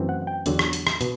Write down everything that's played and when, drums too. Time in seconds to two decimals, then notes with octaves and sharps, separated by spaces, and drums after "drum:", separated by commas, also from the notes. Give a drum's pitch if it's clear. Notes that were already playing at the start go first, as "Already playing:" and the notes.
Already playing: F#2 E3 A3 C4
0.09 F#5
0.27 G5
0.46 E2 D3 F#3, drum: hi-hat
0.59 drum: rim click
0.73 drum: hi-hat
0.87 drum: rim click
1.01 B2, drum: hi-hat